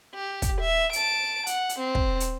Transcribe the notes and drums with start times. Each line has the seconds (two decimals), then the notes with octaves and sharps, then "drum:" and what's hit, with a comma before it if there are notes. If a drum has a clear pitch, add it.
0.15 G4
0.42 drum: kick, hi-hat
0.61 E5
0.93 A5 D7, drum: hi-hat
1.47 F#5, drum: hi-hat
1.69 drum: hi-hat
1.79 C4
1.95 drum: kick
2.20 drum: hi-hat